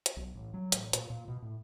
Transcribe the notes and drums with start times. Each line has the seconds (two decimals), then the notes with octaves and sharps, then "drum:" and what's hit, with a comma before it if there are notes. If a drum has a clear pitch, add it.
0.06 drum: hi-hat
0.17 B1
0.34 A1
0.54 F#3
0.72 A1, drum: hi-hat
0.93 A#2, drum: hi-hat
1.10 A#2
1.28 B2
1.42 A2